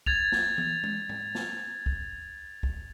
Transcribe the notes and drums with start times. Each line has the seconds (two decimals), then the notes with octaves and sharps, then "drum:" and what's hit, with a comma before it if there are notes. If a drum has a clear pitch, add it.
0.06 G#6 A6 F7, drum: kick
0.32 drum: snare
0.58 drum: tom E3
0.83 drum: tom G#3
1.09 drum: tom
1.35 drum: snare
1.86 drum: kick
2.63 drum: kick